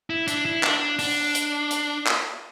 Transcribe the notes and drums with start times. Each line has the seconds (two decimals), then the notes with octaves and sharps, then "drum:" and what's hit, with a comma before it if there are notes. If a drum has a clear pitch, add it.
0.10 E4
0.28 D4, drum: hi-hat
0.45 E4
0.63 D4, drum: clap
0.99 D4, drum: open hi-hat
1.35 drum: hi-hat
1.71 drum: hi-hat
2.07 drum: clap